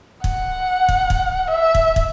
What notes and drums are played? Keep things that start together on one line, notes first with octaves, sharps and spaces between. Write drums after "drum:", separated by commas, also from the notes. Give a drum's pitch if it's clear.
F#5, drum: kick
drum: kick
drum: kick
E5
drum: kick
drum: kick